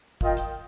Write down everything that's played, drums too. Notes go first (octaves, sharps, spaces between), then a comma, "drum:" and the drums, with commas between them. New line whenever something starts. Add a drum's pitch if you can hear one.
F4 A#4 D#5 G5, drum: kick
drum: hi-hat